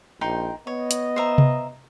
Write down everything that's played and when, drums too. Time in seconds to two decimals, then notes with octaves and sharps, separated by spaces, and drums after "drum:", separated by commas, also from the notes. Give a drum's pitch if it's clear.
0.21 A#1 D#4 G5 C6
0.67 B3 C#5 D#5
0.91 drum: hi-hat
1.16 C5 E5 A#5
1.38 drum: tom C3